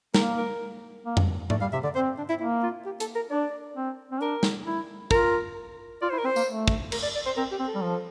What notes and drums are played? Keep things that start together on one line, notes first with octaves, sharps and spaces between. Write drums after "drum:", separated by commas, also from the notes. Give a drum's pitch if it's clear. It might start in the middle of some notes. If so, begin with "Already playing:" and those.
A#3 A#4, drum: snare
A#4
A#3
drum: tom F2
A3 D5, drum: tom G#2
G3 F5
C3 E5
D3 D5
C4 C5
D4
E4
A#3 E4
F4
G4
A4, drum: hi-hat
A#4
D4 D5
C4
C4
D4 A#4
drum: snare
E4
F4 A#4, drum: kick
F4 D5
E4 C5
A#4
C4 C5
A#3, drum: tambourine
A3
drum: kick
A#4, drum: cymbal
D5
D5
C5
C4 A#4
G4
C4
A4
G3
F3